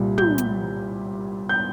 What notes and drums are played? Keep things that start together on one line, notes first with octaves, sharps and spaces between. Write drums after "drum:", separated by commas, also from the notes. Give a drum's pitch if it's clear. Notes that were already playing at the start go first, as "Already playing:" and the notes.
Already playing: C2 A#2 G3
G6, drum: tom
drum: hi-hat
G6